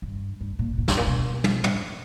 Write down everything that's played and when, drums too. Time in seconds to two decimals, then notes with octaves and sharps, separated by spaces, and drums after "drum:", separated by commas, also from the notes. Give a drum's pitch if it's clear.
0.02 G2
0.41 G2
0.59 A#2
0.78 A#2
0.88 G2, drum: snare
0.97 A#2
1.07 B2
1.44 drum: tom
1.64 drum: tom